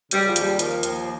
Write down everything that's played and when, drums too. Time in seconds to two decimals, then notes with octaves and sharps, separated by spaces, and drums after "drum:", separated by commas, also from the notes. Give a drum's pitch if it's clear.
0.11 C#3 G3, drum: hi-hat
0.27 F3
0.36 D#2, drum: hi-hat
0.43 G3
0.59 D#3 F3, drum: hi-hat
0.83 D#2, drum: hi-hat